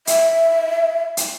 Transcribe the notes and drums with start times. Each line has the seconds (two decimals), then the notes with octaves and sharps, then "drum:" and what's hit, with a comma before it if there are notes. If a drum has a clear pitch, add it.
0.07 E5, drum: hi-hat
1.17 drum: hi-hat